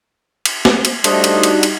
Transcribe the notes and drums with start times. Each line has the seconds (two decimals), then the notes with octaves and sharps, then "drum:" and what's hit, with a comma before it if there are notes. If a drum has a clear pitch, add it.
0.45 drum: cymbal
0.65 drum: snare
0.85 drum: cymbal
1.04 G3 A3 D4 D#4 F#4 C5 D#5, drum: cymbal
1.24 drum: cymbal
1.43 drum: cymbal
1.63 drum: cymbal